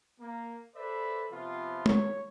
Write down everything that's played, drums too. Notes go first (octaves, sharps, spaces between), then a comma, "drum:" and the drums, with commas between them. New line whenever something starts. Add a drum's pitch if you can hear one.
A#3
A4 B4 C5 D5 E5
C3 F3 B3 F4
C#5, drum: tom